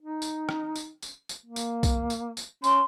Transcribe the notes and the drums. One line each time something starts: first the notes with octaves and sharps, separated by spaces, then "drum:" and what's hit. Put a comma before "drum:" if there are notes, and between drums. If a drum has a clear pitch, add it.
D#4
drum: tambourine
drum: rim click
drum: tambourine
drum: tambourine
drum: tambourine
A#3
drum: tambourine
drum: kick B1, tambourine
drum: tambourine
drum: tambourine
C#4 C6, drum: tambourine